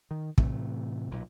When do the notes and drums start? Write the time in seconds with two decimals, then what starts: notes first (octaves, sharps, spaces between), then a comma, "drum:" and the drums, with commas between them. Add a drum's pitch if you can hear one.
0.11 D#3
0.38 A2 C3 E3 A3, drum: kick
1.11 B1 A#2